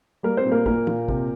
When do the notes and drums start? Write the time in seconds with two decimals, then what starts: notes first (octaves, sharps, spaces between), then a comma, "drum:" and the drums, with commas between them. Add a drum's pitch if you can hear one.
0.23 G3 A#3 A#4
0.37 C4 C5
0.45 A#2
0.52 A#3 A#4
0.66 A#2 A#3 A#4, drum: kick
0.87 A#2, drum: tom
1.08 C3, drum: kick